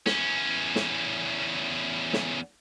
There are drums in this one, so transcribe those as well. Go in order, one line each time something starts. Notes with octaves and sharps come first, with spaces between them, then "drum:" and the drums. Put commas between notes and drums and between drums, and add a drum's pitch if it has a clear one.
E2 C#4, drum: snare
drum: snare
drum: snare